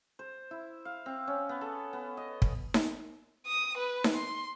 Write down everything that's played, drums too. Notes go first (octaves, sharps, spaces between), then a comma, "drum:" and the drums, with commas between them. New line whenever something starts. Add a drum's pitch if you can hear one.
C5
E4
F5
C4
C#4
B3
A4
B3
D#5
drum: kick
drum: snare D#4
D#6
B4
drum: snare D#4
C6